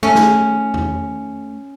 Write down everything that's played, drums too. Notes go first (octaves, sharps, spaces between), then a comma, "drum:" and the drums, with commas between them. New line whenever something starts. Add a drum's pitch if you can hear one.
A3 C#4
drum: snare
drum: tom E2